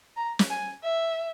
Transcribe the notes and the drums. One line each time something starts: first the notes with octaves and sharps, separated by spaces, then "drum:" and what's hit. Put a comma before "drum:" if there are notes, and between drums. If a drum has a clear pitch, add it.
A#5
drum: snare
G#5
E5